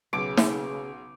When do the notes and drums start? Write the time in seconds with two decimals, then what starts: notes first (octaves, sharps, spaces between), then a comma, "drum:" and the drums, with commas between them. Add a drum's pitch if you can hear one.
0.13 B1 C#3 D6
0.37 drum: snare